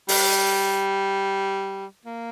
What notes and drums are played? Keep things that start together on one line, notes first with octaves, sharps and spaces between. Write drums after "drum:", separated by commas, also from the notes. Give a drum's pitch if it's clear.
G3, drum: open hi-hat
A#3